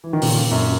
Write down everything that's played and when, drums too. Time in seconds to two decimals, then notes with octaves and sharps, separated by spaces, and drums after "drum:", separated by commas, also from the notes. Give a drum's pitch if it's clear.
0.04 E3
0.13 D#3
0.22 A#2 C#3, drum: open hi-hat
0.51 F#2 A#2